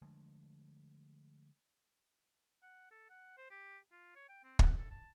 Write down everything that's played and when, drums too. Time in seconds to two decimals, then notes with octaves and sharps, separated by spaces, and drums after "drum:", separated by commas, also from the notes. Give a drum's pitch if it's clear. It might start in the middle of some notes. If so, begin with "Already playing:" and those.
0.02 D3 F3 G#3 A3
2.62 F#5
2.91 A4
3.10 F#5
3.38 C5
3.50 G4
3.92 F4
4.16 C#5
4.29 G5
4.44 C4
4.59 F#5, drum: kick
4.78 A4
4.91 A5